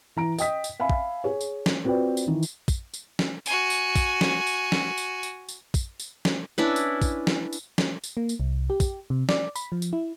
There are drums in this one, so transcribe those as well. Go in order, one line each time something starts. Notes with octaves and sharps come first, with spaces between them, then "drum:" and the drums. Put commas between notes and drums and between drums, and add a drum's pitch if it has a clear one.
E3 A#5 D7
D#5 G5 D#6 B6, drum: tambourine
drum: tambourine
E5 F5 G#5 B5
drum: kick
G#4 C#5
drum: tambourine
drum: snare
C4 F4 F#4 B4 D5 G5
drum: tambourine
D#3 E3
drum: tambourine
drum: kick, tambourine
drum: tambourine
drum: snare
F#4 G#5, drum: tambourine
drum: tambourine
drum: kick, tambourine
drum: snare
drum: tambourine
drum: snare
drum: tambourine
drum: tambourine
drum: tambourine
drum: kick, tambourine
drum: tambourine
drum: snare
C#4 D4 E4 B4
drum: tambourine
drum: kick, tambourine
drum: snare
drum: tambourine
drum: snare
drum: tambourine
A#3
drum: tambourine
C2
G4
drum: kick, tambourine
C3
D5, drum: snare
B5, drum: tambourine
F3
drum: tambourine
E4